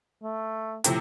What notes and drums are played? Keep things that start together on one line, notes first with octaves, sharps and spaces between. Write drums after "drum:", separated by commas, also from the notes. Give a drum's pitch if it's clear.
A3
A2 C3 F3, drum: hi-hat